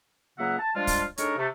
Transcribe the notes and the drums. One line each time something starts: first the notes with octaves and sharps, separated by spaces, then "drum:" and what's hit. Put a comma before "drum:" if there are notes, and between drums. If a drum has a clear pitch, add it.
C#2 C#3 F#3 A#3 E5 F#5
A5
F3 G3 G#3 D4 F4
drum: kick, open hi-hat
G#3 D4 D#4 A4 A#4 C#5, drum: hi-hat
C3 A3